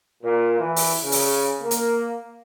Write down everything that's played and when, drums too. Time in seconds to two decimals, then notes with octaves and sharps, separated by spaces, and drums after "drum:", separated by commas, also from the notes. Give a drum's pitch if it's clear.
0.22 A#2
0.59 E3
0.76 drum: open hi-hat
1.03 C#3
1.12 drum: open hi-hat
1.61 A#3
1.71 drum: hi-hat